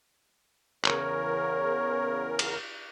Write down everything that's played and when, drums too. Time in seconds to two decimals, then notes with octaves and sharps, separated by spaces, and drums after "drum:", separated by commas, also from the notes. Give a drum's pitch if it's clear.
0.85 E2 C#3 A#4 C#5, drum: clap
2.39 drum: cymbal